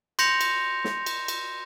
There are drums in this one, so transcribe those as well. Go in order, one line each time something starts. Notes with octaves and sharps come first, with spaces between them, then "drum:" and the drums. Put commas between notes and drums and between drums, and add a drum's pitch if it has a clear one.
C6 G6 A#6 C#7 F7, drum: cymbal
drum: cymbal
drum: snare
drum: cymbal
drum: cymbal